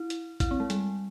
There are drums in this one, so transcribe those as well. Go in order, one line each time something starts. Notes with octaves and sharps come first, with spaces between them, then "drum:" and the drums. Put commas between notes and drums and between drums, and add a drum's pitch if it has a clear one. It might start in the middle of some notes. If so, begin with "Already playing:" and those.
Already playing: E4
drum: hi-hat
E4, drum: kick, hi-hat
C4
G#3
G3, drum: hi-hat